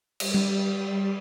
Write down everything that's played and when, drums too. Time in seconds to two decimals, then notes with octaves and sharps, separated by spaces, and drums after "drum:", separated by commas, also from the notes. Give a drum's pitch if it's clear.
0.20 G3, drum: cymbal
0.34 drum: tom G3